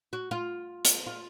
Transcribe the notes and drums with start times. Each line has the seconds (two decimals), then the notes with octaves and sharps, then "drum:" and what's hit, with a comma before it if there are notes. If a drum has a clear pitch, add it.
0.13 F#4
0.31 F4
0.85 drum: hi-hat
1.06 F4